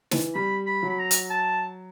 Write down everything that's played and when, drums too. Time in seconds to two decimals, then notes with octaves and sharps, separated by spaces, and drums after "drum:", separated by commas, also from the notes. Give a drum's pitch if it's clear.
0.11 E3, drum: snare
0.35 G3 B5
0.66 B5
0.83 F#3
0.89 B5
0.99 A#5
1.11 drum: hi-hat
1.30 A5